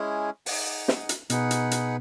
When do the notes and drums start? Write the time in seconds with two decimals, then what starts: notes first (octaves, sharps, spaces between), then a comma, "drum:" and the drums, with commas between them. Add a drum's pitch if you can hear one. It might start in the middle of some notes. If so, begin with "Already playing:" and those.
Already playing: G#3 C#4 E4 G#4
0.46 D#4 G#4 D#5 F#5, drum: open hi-hat
0.88 drum: snare
1.09 drum: hi-hat
1.30 B2 D#4 G#4 B4 F#5, drum: hi-hat
1.51 drum: hi-hat
1.71 drum: hi-hat